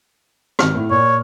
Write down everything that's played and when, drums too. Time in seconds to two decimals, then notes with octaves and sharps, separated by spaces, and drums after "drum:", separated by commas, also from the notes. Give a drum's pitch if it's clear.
0.59 G#1 F6, drum: rim click
0.75 A2
0.91 A#2 C#5